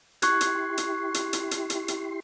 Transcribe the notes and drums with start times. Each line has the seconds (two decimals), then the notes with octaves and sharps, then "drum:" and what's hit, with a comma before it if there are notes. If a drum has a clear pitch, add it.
0.22 E4 G4 C6 C#6 F#6 G#6, drum: hi-hat
0.41 drum: hi-hat
0.77 drum: hi-hat
1.14 drum: hi-hat
1.33 drum: hi-hat
1.51 drum: hi-hat
1.70 drum: hi-hat
1.88 drum: hi-hat